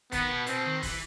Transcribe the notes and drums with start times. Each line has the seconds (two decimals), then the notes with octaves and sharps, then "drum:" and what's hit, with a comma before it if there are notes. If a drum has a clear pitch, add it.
0.12 D#3 B3, drum: kick, hi-hat
0.30 B2
0.47 B2 C4, drum: hi-hat
0.65 D#3
0.82 E3, drum: kick, open hi-hat